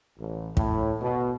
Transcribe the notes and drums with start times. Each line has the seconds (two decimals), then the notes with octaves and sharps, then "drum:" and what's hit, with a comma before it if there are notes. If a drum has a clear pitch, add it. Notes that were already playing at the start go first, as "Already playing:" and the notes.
0.18 A1
0.57 A2, drum: kick
1.01 B2